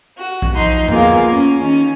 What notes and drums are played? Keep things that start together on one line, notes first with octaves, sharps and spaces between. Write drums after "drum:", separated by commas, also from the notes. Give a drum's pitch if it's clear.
F#4
drum: kick A#1
F3 D#4 C6
A#3 B3 F4 G#4 A#4 F5, drum: tom E2
C#4
D#3 C#4